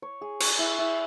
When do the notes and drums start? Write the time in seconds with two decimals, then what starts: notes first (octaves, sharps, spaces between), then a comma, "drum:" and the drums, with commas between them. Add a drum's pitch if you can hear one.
0.02 C#5
0.21 G#4
0.40 C#5, drum: cymbal
0.59 E4
0.78 E4